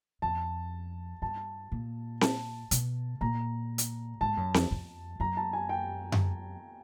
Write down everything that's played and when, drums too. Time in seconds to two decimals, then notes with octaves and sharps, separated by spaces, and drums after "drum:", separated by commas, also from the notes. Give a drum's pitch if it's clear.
0.22 F2 A5
1.22 G2 A5
1.72 A#2
2.21 A5, drum: snare C4
2.71 B2, drum: hi-hat
3.21 A#2 A#5
3.78 drum: hi-hat
4.21 G#2 A5
4.37 F#2
4.54 F2, drum: snare C4
4.71 F2
5.20 F#2 A#5
5.37 A5
5.53 G#5
5.69 G5
6.12 drum: tom F#2